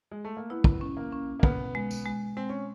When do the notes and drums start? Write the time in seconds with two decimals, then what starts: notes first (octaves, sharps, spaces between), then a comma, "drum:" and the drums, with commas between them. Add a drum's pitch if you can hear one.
0.11 G#3
0.25 A3
0.37 A#3
0.50 B3 E4
0.64 drum: kick
0.81 C#4
0.97 A#3
1.12 C#4
1.40 A#3
1.43 B2 B3, drum: kick
1.75 G#3
1.91 drum: tambourine
2.06 G#3
2.37 G#3 C4
2.49 C#4